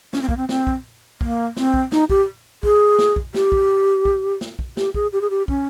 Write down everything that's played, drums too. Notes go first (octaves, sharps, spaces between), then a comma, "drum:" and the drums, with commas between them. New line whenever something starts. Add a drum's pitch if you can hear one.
C#4, drum: snare
C4
A#3, drum: kick
C4
C4, drum: snare
drum: kick
A#3, drum: kick
C4, drum: snare
drum: kick
D#4, drum: snare
G4, drum: kick
G#4, drum: kick
drum: snare
drum: kick
G4, drum: snare
drum: kick
drum: kick
drum: snare
drum: kick
G4, drum: snare
G#4, drum: kick
G4
G#4
G4
C#4, drum: kick